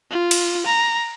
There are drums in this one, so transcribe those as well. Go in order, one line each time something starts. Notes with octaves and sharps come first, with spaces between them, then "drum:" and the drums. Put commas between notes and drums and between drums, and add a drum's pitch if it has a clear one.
F4
drum: cymbal
A#5